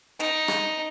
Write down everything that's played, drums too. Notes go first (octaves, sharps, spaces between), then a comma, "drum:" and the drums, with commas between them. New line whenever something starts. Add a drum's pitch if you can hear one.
D#4, drum: hi-hat
drum: rim click